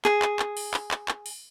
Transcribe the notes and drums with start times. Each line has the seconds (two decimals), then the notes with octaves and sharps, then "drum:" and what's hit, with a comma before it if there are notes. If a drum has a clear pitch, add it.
0.05 G#4, drum: clap
0.22 drum: clap
0.39 drum: clap
0.57 drum: open hi-hat
0.74 drum: clap
0.91 drum: clap
1.08 drum: clap
1.26 drum: open hi-hat